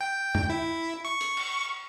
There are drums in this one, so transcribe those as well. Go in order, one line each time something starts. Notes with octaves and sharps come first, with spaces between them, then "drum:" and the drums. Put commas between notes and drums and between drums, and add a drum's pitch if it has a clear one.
G5
drum: tom F2
E4
C#6
drum: hi-hat
drum: cymbal